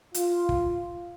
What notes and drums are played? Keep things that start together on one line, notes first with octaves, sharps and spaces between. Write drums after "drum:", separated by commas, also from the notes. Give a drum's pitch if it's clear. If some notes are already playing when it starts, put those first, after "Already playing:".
F4, drum: hi-hat
drum: kick